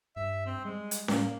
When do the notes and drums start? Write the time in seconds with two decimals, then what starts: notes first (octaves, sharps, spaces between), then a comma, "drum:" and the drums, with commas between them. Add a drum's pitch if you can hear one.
0.16 G2 E5
0.46 C4
0.65 G3 G#3
0.91 drum: hi-hat
1.08 A2 A#3, drum: snare C#4